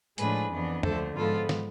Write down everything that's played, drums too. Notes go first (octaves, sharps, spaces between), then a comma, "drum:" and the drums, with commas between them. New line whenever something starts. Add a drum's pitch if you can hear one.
A2 F3 G#3 D4 G#4 B4, drum: hi-hat
F2 E3 B3 D4
D2 D3 F3 A3 A4 C5, drum: tom
G#2 F3 B3 F4 A4
drum: snare